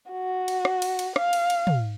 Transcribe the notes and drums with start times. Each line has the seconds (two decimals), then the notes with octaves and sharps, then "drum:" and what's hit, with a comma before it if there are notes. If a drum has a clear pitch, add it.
0.11 F#4
0.48 drum: cymbal
0.65 drum: rim click
0.82 drum: cymbal
0.99 drum: cymbal
1.16 F5, drum: rim click
1.33 drum: cymbal
1.50 drum: cymbal
1.67 drum: tom